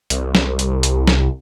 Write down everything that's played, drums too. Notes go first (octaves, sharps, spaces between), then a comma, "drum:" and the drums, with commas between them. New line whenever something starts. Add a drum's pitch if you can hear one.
C2, drum: hi-hat
drum: snare
drum: hi-hat
drum: hi-hat
drum: snare